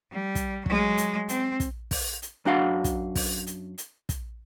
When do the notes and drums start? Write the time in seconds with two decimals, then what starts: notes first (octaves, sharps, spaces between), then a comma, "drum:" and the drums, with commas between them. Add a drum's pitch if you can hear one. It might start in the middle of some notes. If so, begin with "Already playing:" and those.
0.12 G3
0.35 drum: kick, hi-hat
0.66 F#3 G#3, drum: kick
0.98 drum: hi-hat
1.29 C4, drum: hi-hat
1.60 drum: kick, hi-hat
1.91 drum: kick, open hi-hat
2.22 drum: hi-hat
2.45 F#2 D4 F#4 F5 F#5
2.84 drum: kick, hi-hat
3.15 drum: kick, open hi-hat
3.47 drum: hi-hat
3.78 drum: hi-hat
4.09 drum: kick, hi-hat